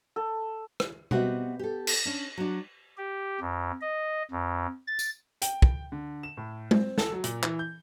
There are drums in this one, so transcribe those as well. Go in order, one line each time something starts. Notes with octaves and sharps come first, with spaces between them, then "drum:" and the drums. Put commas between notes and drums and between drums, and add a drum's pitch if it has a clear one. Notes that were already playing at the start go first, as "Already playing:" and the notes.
A4
drum: rim click
G3 B3 C4 F#4 D#5 E5, drum: tom B2
G4 A4
drum: cymbal
C#4 D4
F#3 D4
G4
F2
D#5
F2
A6
drum: tambourine
G5, drum: hi-hat
drum: kick
D3
E7
A2
C4, drum: tom G#3
A4, drum: snare
F#3
A#2, drum: hi-hat
E3, drum: clap
G6